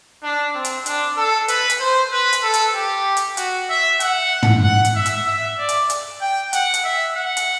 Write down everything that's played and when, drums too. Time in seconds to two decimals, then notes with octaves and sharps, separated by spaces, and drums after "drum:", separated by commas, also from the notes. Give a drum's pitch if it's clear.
0.22 D4
0.54 C4
0.65 drum: hi-hat
0.86 D4, drum: hi-hat
1.17 A4
1.48 B4, drum: hi-hat
1.70 drum: hi-hat
1.80 C5
2.11 B4
2.33 drum: hi-hat
2.42 A4
2.54 drum: hi-hat
2.75 G4
3.17 drum: hi-hat
3.37 F#4, drum: hi-hat
3.70 E5
4.00 F#5, drum: hi-hat
4.43 drum: tom
4.63 F#5
4.85 drum: hi-hat
4.95 E5
5.06 drum: hi-hat
5.27 E5
5.58 D5
5.69 drum: hi-hat
5.90 drum: hi-hat
6.21 G5
6.53 F#5, drum: hi-hat
6.74 drum: hi-hat
6.84 E5
7.15 F#5
7.37 drum: hi-hat